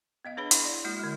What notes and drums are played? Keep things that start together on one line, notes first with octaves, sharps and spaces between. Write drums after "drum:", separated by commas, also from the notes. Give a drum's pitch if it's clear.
B3 D#5 F5
D4 G#4 B4 C#5 F5 B5
E4, drum: hi-hat
D5
G#3 A#3 E4 F#4
D3 G#3